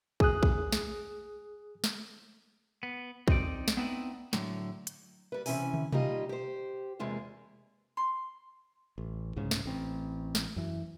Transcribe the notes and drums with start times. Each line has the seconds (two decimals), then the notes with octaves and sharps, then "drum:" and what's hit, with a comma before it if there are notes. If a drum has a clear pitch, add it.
0.20 G#4 D#6 F#6, drum: kick
0.43 drum: kick
0.72 drum: snare
1.84 drum: snare
2.83 B3
3.28 C4 D#4 D5, drum: kick
3.68 drum: snare
3.77 B3 C4 D#4 E4 B4 D5
4.33 A2 D3 F#3, drum: snare
4.87 drum: hi-hat
5.32 G3 B4
5.46 C3 E3 C#4 E4 G#5, drum: open hi-hat
5.74 drum: tom
5.92 G3 A#3 D#4 F4 G4 D#5, drum: tom B2
6.29 G4 C5
6.99 E2 C3 G#3 A#3 F4
7.97 C6
8.98 A1
9.36 C2 G#2 C#3
9.51 drum: snare
9.66 A1 C4
10.35 drum: snare
10.56 F#2 E3